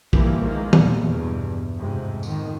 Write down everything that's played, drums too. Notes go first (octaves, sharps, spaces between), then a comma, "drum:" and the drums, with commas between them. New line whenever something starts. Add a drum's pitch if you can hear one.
E3 F3 G3 A#3, drum: kick
D#3 G#3 A#3
D#2 A#2 G3, drum: tom D#3
E2 G2 B2
F2 G#2 C3
F2 D#3, drum: tambourine